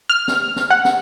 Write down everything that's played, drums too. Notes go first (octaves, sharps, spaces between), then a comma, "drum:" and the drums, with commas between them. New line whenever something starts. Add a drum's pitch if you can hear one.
F6
drum: snare
drum: snare
F#5
drum: snare